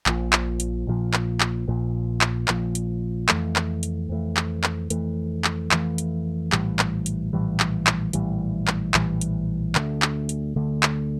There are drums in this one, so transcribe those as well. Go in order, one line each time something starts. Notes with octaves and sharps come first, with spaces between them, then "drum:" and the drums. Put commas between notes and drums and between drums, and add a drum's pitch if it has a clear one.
A#1 A#2 F3, drum: clap
drum: clap
drum: hi-hat
A#1 A#2 F3
drum: clap
drum: clap
A#1 A#2 F3
drum: clap
A#1 A#2 F3, drum: clap
drum: hi-hat
F2 E3 A3, drum: clap
drum: clap
drum: hi-hat
F2 E3 A3
drum: clap
drum: clap
F2 E3 A3, drum: hi-hat
drum: clap
F2 E3 A3, drum: clap
drum: hi-hat
A#1 A2 E3 G3, drum: clap
drum: clap
drum: hi-hat
A#1 A2 E3 G3
drum: clap
drum: clap
A#1 A2 E3 G3, drum: hi-hat
drum: clap
A#1 A2 E3 G3, drum: clap
drum: hi-hat
D2 D3 A3, drum: clap
drum: clap
drum: hi-hat
D2 D3 A3
drum: clap